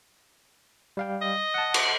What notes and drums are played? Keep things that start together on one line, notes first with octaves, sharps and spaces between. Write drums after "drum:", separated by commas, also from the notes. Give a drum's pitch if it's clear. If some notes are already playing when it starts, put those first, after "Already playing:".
G3 F5 G5
D#5
F#5 A5
drum: cymbal